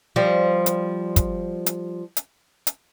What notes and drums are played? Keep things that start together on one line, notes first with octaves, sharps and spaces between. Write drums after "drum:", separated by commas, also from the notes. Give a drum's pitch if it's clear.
F3 G3
drum: hi-hat
drum: kick, hi-hat
drum: hi-hat
drum: hi-hat
drum: hi-hat